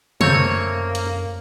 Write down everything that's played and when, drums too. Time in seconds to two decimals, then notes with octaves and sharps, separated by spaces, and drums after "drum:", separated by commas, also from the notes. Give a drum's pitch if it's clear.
0.21 F#2 A3 A#3 C4 C#5, drum: tom C3
0.95 drum: hi-hat